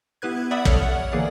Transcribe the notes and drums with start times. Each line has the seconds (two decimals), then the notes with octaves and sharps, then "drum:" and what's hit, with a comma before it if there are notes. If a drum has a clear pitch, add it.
0.22 B3 E4 G4 B4 F#6 G#6
0.51 D5 E5 F#5 B5 D#6
0.65 A4 C#5 F6, drum: kick
0.83 F#5
1.12 D3 E3 A#3 G#4 D5